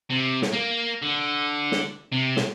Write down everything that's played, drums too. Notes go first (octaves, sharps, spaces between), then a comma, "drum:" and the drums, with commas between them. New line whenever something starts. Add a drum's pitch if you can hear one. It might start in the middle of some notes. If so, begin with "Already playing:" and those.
C3
drum: snare
A#3
D3
drum: snare
C3
drum: snare